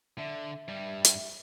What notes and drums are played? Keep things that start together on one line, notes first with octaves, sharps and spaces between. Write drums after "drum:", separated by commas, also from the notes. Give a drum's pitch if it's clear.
D3 E5
G2 G3
drum: hi-hat